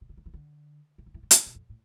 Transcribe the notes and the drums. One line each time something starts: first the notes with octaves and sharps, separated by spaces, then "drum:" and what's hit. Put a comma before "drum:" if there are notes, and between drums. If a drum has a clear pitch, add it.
B2
C3
D3
E3
D3
C3
D3
E3
D3
C3, drum: hi-hat
B2
F2
A2